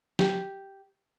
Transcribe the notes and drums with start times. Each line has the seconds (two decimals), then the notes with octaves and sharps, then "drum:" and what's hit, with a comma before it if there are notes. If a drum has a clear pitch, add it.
0.19 G4, drum: snare